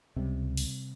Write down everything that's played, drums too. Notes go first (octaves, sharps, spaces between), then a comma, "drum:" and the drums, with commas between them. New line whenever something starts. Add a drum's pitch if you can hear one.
C#2 C3 G3
drum: open hi-hat